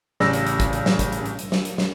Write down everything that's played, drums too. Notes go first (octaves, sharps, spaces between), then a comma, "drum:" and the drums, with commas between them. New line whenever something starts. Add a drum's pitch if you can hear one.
A1 C#3 D5 E6 A#6, drum: snare
drum: hi-hat
drum: hi-hat
drum: kick, hi-hat
drum: hi-hat
drum: snare
drum: kick, hi-hat
drum: hi-hat
drum: hi-hat
drum: hi-hat
drum: snare
drum: hi-hat
drum: snare